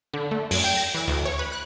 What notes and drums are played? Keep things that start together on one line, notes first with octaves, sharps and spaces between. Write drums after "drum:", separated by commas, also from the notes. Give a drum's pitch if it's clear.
D3
A3
F#2, drum: open hi-hat
G5
A#6
E3
D2
C#5
B4
F#6